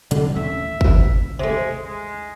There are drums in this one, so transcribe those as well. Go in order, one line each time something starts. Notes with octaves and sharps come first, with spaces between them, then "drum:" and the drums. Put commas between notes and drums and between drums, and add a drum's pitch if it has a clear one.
A#2 D3 G3 C4, drum: hi-hat
A1 D#2 C#4 E5
drum: kick
C3 G#3 A3
G#3